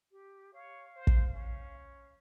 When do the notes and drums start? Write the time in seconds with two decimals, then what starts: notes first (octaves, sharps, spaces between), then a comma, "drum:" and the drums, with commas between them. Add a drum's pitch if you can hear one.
0.11 G4
0.54 C#5 F5
0.96 C5
1.07 drum: kick
1.33 C#4